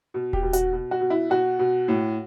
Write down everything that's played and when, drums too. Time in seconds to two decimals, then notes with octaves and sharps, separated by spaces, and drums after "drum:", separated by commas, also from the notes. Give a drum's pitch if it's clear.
0.14 B2
0.33 G4, drum: kick D#1
0.43 B2
0.53 F#4, drum: hi-hat
0.73 B2
0.91 F#4
1.01 B2
1.10 E4
1.30 B2 F#4
1.59 B2
1.88 A2